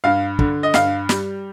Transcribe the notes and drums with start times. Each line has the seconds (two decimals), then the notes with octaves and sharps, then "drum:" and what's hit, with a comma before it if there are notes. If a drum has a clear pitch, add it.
0.04 G2 F5
0.39 D3, drum: kick
0.63 D#5
0.74 G2 F5, drum: snare
1.09 G3, drum: snare